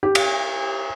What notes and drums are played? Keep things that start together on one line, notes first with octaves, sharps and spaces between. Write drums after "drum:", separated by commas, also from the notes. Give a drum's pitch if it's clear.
G4
drum: cymbal